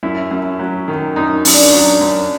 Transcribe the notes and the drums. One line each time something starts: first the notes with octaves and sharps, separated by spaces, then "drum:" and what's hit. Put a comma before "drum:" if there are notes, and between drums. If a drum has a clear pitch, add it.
F#2 E4
F#2
F#3
D#3
F#2 D#4
F#2, drum: open hi-hat
D4
F#3 D4
F#2